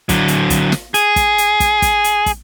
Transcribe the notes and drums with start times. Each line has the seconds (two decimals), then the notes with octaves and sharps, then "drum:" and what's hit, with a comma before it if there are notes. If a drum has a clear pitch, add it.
0.09 D3 F#3, drum: kick, hi-hat
0.28 drum: hi-hat
0.50 drum: kick, hi-hat
0.72 drum: snare
0.94 G#4, drum: hi-hat
1.16 drum: kick, hi-hat
1.38 drum: hi-hat
1.60 drum: kick, hi-hat
1.82 drum: kick, hi-hat
2.04 drum: hi-hat
2.26 drum: kick, hi-hat